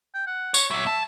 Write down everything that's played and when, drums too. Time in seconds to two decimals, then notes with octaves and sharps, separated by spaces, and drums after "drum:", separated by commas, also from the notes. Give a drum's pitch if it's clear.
0.14 G5
0.27 F#5
0.54 C#5, drum: tambourine
0.71 A#2 F#3 E5
0.87 A5